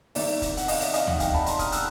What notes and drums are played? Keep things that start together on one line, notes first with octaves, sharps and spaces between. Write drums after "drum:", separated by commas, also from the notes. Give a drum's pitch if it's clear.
C2 C3 D#3 D5 E5, drum: open hi-hat
drum: kick, hi-hat
F#5, drum: hi-hat
D#5 F5, drum: open hi-hat
D5 E5, drum: hi-hat
D#5 F5, drum: hi-hat
E5 F#5, drum: tom
F5 G5, drum: kick, hi-hat
A5 B5
A#5 C6, drum: hi-hat
D#6 F6, drum: kick, hi-hat
E6 F#6, drum: hi-hat